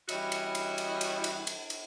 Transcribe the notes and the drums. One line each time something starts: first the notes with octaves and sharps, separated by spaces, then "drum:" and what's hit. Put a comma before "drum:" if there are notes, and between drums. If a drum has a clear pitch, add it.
E3 G3 C#4 E4 F#4 D#5, drum: cymbal
drum: cymbal
drum: cymbal
drum: cymbal
drum: cymbal
drum: cymbal
drum: cymbal
drum: cymbal